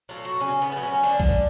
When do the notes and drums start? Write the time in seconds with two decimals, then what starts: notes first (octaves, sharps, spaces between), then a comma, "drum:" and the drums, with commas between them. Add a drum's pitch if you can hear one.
0.09 F#3 A3 F4
0.25 F#4
0.40 C#3 C#4, drum: hi-hat
0.62 B3
0.72 A3, drum: hi-hat
0.77 F#3
0.83 C#4
1.03 D3 D4, drum: hi-hat
1.20 drum: kick A#1, open hi-hat